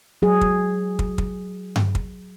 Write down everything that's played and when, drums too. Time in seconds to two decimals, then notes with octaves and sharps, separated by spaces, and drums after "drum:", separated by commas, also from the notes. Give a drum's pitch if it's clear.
0.22 F#3 G#4
0.41 drum: kick
0.99 drum: kick
1.18 drum: kick
1.76 drum: tom G2
1.95 drum: kick